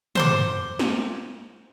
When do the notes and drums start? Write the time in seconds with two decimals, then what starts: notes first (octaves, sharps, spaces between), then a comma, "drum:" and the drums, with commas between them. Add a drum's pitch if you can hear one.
0.15 C5 C6 D6, drum: tom
0.79 drum: snare